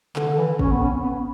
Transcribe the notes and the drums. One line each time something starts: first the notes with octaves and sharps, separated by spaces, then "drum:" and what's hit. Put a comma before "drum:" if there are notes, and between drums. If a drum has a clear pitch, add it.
D3, drum: clap
D3
E3
C#4, drum: kick G1
B3
C#4
B3